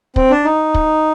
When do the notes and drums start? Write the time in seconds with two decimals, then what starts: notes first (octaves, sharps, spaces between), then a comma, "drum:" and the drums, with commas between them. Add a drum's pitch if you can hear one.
0.16 C4, drum: kick
0.31 D4
0.45 D#4
0.74 drum: kick